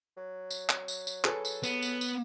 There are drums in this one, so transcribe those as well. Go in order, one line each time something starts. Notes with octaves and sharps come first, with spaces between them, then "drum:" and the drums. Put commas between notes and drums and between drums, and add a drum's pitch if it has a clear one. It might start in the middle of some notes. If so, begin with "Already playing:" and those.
F#3
drum: tambourine
drum: clap
drum: tambourine
drum: tambourine
G#4 A4 B4, drum: clap
drum: tambourine
B3, drum: tambourine
drum: tambourine
drum: tambourine